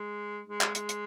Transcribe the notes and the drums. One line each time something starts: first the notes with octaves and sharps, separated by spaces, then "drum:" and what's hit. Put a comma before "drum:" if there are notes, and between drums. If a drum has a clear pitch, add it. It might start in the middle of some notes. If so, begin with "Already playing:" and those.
Already playing: G#3
G#3
drum: clap
G#3, drum: hi-hat
drum: hi-hat